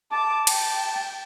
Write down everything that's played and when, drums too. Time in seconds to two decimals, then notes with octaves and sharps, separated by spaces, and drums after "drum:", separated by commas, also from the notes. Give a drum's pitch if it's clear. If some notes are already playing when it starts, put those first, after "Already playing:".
0.12 A5 D6
0.47 G5, drum: cymbal